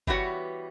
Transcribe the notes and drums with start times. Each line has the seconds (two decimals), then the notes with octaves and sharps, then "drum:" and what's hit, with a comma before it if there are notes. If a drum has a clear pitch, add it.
0.07 E3 G3 B3 F#4 C#5, drum: kick G1